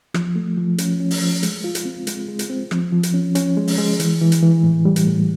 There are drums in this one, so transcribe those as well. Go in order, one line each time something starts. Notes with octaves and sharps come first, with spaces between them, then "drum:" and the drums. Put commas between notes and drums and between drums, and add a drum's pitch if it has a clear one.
F3, drum: rim click
A3
F3
C#4, drum: hi-hat
C#4
drum: open hi-hat
F3
G#3, drum: hi-hat
F4
drum: hi-hat
C4
G#3, drum: hi-hat
G#3
drum: hi-hat
C4
F3, drum: rim click
F3
drum: hi-hat
C#4
C#4, drum: hi-hat
G#3
drum: open hi-hat
G#3
E3, drum: hi-hat
E3
drum: hi-hat
E3
A2
G3
drum: hi-hat
A2